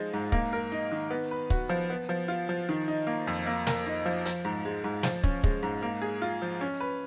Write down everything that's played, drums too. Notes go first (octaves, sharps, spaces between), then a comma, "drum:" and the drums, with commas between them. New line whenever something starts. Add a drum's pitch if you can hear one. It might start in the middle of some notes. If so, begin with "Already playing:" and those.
Already playing: F3 G#3 D#4
G#2
A#3, drum: kick
A#4
D#4
D#3
B3
B4
F#4, drum: kick
F3
B3
F3
F4
F3
D#3
D#4
A#3
F2
A#3
A#4, drum: snare
D#4
F3
F3, drum: hi-hat
G#2
G#3
G#2
F3, drum: snare
C#4, drum: kick
G#3, drum: kick
G#2
A#3
G#4
F4
F3
C#4
B4